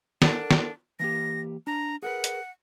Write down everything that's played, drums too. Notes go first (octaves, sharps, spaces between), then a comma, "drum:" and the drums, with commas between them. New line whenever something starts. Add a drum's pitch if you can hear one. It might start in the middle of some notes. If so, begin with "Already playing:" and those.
D4 A4 A#4 F#5, drum: snare
drum: snare
E3 A#3 G4 A#6
D4 A#5
G#4 A#4 B4 F#5
drum: hi-hat